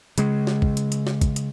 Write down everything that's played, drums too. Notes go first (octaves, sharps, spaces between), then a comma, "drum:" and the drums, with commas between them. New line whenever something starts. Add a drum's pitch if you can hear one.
C#3 G#3, drum: hi-hat
drum: snare
drum: kick
drum: hi-hat
drum: hi-hat
drum: snare
drum: kick, hi-hat
drum: hi-hat